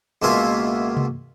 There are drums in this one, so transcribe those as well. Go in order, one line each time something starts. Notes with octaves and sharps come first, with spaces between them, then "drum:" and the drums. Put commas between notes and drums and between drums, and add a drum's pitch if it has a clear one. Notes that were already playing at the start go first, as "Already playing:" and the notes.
C#2 B2 A#3 F4 E5 G#5
drum: tom C3